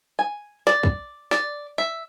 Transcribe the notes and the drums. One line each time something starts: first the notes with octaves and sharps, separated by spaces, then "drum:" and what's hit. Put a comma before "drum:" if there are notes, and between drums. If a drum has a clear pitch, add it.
G#5
D5, drum: snare
drum: kick
D5, drum: snare
E5